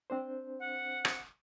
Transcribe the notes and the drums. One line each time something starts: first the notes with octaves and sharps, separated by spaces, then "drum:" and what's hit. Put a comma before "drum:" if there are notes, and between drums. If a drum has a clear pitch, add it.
C4 D4 C5
F#5
drum: rim click